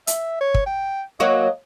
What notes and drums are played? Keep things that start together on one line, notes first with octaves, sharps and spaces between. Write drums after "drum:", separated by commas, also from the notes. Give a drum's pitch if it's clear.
E5, drum: hi-hat
C#5
drum: kick
G5
F#3 A#3 F#4 D#5